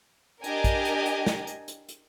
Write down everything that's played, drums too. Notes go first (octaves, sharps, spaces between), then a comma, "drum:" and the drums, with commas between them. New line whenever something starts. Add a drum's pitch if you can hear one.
D4 G4 A#4 D#5 G#5, drum: hi-hat
drum: kick, hi-hat
drum: hi-hat
drum: hi-hat
drum: snare
drum: hi-hat
drum: hi-hat
drum: hi-hat